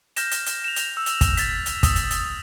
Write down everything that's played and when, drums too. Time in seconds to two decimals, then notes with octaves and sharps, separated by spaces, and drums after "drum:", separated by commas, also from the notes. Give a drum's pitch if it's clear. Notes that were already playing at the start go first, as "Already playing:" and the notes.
0.16 F6 G6 A#6 E7, drum: hi-hat
0.31 drum: hi-hat
0.46 drum: hi-hat
0.64 E7 F7
0.76 drum: hi-hat
0.97 E6
1.06 drum: hi-hat
1.21 drum: kick, hi-hat
1.37 A6 B6, drum: hi-hat
1.66 drum: hi-hat
1.83 D#6 E6, drum: kick, hi-hat
1.96 drum: hi-hat
2.11 drum: hi-hat